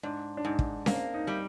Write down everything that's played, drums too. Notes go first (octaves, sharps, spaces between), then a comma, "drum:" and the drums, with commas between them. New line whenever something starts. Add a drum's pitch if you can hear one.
G#2 D4
D4
G#2 D#4
drum: kick
A#3 C4, drum: snare C#4
D#4
G3